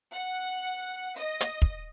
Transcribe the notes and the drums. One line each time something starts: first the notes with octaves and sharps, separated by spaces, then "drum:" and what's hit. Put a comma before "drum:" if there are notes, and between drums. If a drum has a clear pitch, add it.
F#5
D#5
drum: hi-hat
drum: kick